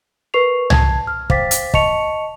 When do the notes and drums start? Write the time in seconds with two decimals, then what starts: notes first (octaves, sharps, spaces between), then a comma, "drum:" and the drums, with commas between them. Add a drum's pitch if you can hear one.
0.34 A#4 B4 C#6 C7 F7
0.70 A5 G#6, drum: tom
1.07 F6
1.30 C5 F5 G5 D6 A6 B6, drum: kick
1.51 drum: hi-hat
1.74 D#5 A5 C#6 C#7 F7, drum: kick